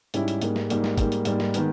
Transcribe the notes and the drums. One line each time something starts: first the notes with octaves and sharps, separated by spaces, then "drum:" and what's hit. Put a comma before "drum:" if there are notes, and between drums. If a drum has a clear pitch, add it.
G#2 G3 C#4 E4 G4, drum: hi-hat
drum: hi-hat
G#2 G3 A#3, drum: hi-hat
drum: snare
G#2 G3 A#3, drum: hi-hat
drum: snare
G#2 G3 A#3, drum: kick, hi-hat
drum: hi-hat
G#2 G3 A#3, drum: hi-hat
drum: snare
D#3 G#3 B3, drum: hi-hat